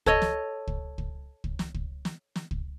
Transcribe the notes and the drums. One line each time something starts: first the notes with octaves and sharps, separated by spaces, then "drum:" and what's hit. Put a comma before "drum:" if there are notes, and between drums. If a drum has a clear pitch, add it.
A4 C#5 D#5, drum: kick
drum: snare
drum: kick
drum: kick
drum: kick
drum: snare
drum: kick
drum: snare
drum: snare
drum: kick